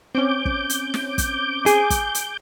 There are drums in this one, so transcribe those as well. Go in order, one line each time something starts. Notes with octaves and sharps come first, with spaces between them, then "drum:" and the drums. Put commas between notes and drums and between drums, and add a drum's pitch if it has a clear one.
C4 C#4 D6 G6
drum: kick
drum: hi-hat
drum: snare
drum: kick, hi-hat
G#4, drum: hi-hat
drum: kick, hi-hat
drum: hi-hat